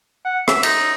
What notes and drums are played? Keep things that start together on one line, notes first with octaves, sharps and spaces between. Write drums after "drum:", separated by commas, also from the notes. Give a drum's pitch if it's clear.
F#5
E5, drum: rim click
D#4, drum: cymbal